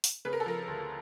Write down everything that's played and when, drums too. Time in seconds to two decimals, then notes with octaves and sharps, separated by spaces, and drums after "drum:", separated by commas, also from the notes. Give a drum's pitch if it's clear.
0.04 drum: open hi-hat
0.25 C#3 B4
0.33 A#4
0.40 A4
0.46 F3 A#4
0.68 D2